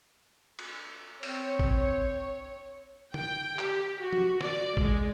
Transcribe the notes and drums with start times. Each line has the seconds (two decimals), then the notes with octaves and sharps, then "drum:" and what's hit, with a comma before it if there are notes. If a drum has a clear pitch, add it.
0.59 drum: cymbal
1.23 C4 C#5, drum: open hi-hat
1.59 drum: kick
3.14 G5, drum: tom D3
3.59 G4, drum: clap
3.99 F#4
4.13 drum: tom F3
4.41 D5, drum: snare
4.77 G#3, drum: kick